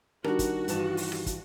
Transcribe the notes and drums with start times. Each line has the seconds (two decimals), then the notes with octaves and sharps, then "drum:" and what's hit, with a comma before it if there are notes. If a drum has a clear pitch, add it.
0.24 D#3 G3 D4 F#4 A#4, drum: rim click
0.39 drum: kick, hi-hat
0.68 G2 E3 A5, drum: hi-hat
0.97 drum: open hi-hat
1.12 drum: rim click
1.26 drum: kick, hi-hat